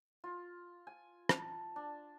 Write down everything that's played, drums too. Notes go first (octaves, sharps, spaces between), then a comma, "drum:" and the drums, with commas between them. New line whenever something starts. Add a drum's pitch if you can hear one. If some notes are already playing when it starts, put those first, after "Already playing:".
F4
G#5
A5, drum: rim click
D4